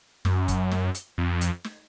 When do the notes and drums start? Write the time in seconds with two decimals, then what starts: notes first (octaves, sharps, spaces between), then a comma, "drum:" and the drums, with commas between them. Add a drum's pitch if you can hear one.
0.25 F#2, drum: snare
0.48 drum: kick F#1, hi-hat
0.71 drum: snare
0.95 drum: hi-hat
1.18 F2
1.41 drum: hi-hat
1.64 drum: snare